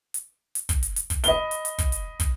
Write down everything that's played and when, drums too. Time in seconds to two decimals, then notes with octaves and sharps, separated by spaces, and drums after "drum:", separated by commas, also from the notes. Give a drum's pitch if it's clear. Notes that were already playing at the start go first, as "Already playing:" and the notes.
0.14 drum: hi-hat
0.55 drum: hi-hat
0.69 drum: kick, hi-hat
0.83 drum: hi-hat
0.96 drum: hi-hat
1.10 drum: kick, hi-hat
1.24 D#5 B5 G7, drum: hi-hat
1.51 drum: hi-hat
1.65 drum: hi-hat
1.78 drum: kick, hi-hat
1.92 drum: hi-hat
2.20 drum: kick, hi-hat